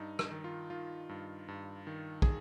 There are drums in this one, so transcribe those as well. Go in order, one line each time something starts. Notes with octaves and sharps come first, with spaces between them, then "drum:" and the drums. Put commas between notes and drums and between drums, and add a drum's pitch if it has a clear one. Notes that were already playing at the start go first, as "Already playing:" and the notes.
Already playing: G2 D#4
D#4, drum: rim click
D#3
F4
D#3 F4
G2
G2
D#3
G#4, drum: kick